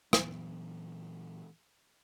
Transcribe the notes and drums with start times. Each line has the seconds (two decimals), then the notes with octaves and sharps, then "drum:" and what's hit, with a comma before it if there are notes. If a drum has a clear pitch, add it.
0.13 A#2 E3 F#3 B3, drum: rim click